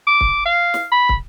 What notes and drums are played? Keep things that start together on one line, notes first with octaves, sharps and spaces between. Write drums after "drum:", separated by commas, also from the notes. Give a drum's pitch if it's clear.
D6
drum: kick
F5
drum: snare
B5
drum: kick